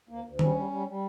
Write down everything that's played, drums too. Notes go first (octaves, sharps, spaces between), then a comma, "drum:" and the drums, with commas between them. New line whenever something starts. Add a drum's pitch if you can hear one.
D2 A#3
D2
G3 C#4, drum: tom
G3
G3
G3